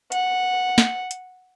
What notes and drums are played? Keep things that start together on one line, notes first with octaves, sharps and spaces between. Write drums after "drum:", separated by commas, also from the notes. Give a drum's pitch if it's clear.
F#5, drum: hi-hat
drum: snare
drum: hi-hat